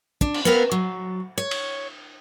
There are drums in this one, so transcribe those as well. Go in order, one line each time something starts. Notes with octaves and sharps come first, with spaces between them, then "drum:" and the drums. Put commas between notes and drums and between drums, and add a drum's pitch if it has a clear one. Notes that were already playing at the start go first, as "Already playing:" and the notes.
D4, drum: kick
drum: cymbal
B3 C4 A#4 B4 F5
F#3
C#5
drum: cymbal